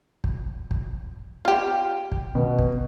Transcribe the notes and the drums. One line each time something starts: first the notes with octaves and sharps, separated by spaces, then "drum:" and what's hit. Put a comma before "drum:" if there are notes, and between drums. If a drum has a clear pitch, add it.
drum: kick
drum: kick
F4 G4
drum: kick
B2
drum: kick